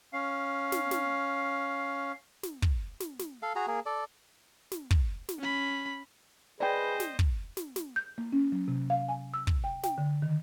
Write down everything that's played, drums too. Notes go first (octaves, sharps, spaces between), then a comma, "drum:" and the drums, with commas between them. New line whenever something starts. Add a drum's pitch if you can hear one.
C#4 F5
drum: snare
drum: snare
drum: snare
drum: kick
drum: snare
drum: snare
A4 F5
F#4 G#4 A#5
A#3 G#4
A4 D5
drum: snare
drum: kick
drum: snare
C#4 B5
G#4 B4 C5 D5 D#5 G5
drum: snare
drum: kick
drum: snare
drum: snare
G6
A#3
C#4
F#3
C3
F5
G#5
E6
drum: kick
G5
G5, drum: snare
D3
D#3